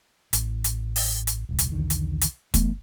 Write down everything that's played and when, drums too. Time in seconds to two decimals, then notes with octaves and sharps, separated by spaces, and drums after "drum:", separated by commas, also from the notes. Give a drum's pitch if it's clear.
0.33 A1, drum: hi-hat
0.64 drum: hi-hat
0.96 drum: open hi-hat
1.27 drum: hi-hat
1.49 D#1 C2
1.59 drum: hi-hat
1.72 B1 E2 D3 D#3
1.90 drum: hi-hat
2.21 drum: hi-hat
2.54 E3 A3 B3, drum: kick, hi-hat